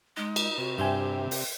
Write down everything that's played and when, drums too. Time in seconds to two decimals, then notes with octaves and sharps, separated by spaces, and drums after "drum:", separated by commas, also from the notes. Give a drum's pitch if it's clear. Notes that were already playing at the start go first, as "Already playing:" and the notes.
0.17 G#3 D#4
0.36 drum: cymbal
0.58 C3 F#4
0.78 G2 G4 C5 E5 G5 G#5
1.31 drum: open hi-hat